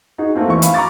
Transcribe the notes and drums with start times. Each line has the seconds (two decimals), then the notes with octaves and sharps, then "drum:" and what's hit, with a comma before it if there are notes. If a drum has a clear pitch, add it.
0.18 D#4 F#4 G#4
0.34 A3 A#3 C4 F#4
0.48 E2 E4 E5 C#6
0.62 F5 B5, drum: hi-hat
0.74 A#5 B5 C#6 D6 A6